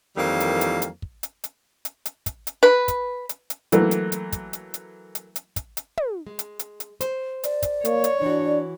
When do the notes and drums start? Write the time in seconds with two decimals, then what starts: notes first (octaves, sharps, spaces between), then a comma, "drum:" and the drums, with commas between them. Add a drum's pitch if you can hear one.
0.17 F2 D#3 E3 G3 A#3
0.40 drum: hi-hat
0.61 drum: hi-hat
0.82 drum: hi-hat
1.02 drum: kick
1.23 drum: hi-hat
1.44 drum: hi-hat
1.85 drum: hi-hat
2.05 drum: hi-hat
2.26 drum: kick, hi-hat
2.47 drum: hi-hat
2.63 B4
2.88 drum: kick, hi-hat
3.29 drum: hi-hat
3.50 drum: hi-hat
3.72 E3 F#3 A3 A#3, drum: hi-hat
3.91 drum: hi-hat
4.12 drum: hi-hat
4.32 drum: kick, hi-hat
4.53 drum: hi-hat
4.74 drum: hi-hat
5.15 drum: hi-hat
5.36 drum: hi-hat
5.56 drum: kick, hi-hat
5.77 drum: hi-hat
5.97 drum: tom
6.27 G#3
6.39 drum: hi-hat
6.59 drum: hi-hat
6.80 drum: hi-hat
7.01 C5, drum: hi-hat
7.44 D5, drum: hi-hat
7.62 drum: kick, hi-hat
7.85 A#3 C#5, drum: hi-hat
8.04 drum: hi-hat
8.22 E3 D4 F#4